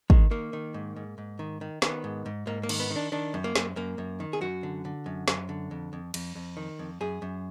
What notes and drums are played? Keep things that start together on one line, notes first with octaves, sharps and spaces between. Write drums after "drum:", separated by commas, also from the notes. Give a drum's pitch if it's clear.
D#3 G#3, drum: kick
D#3 A#3
D#3
G#2
G#2
G#2
D#3
D#3
D#3 B3, drum: snare
G#2
G#2
G#2 A#3
A#3
D#3, drum: cymbal
B3
D#3
D4
D#3 D4
F#2
A#3
F#2, drum: snare
F#2 A#3
F#2
D#3
G#4
F#2 F#4
D3
D3
F#2
F#2, drum: snare
D3
F2
F2
F2, drum: cymbal
F2
D#3
F2
F#2 G#4
F#2